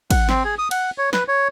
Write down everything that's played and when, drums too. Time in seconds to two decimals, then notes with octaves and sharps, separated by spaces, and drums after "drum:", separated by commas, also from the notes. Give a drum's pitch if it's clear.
0.11 F#5, drum: kick, cymbal
0.29 C4, drum: snare
0.44 G#4
0.59 D#6
0.71 F#5, drum: cymbal
0.98 C#5
1.13 B4, drum: snare
1.28 C#5